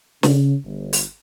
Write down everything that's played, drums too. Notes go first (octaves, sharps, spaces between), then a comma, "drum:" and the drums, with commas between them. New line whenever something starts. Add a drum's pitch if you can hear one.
C#3, drum: snare
G1
drum: open hi-hat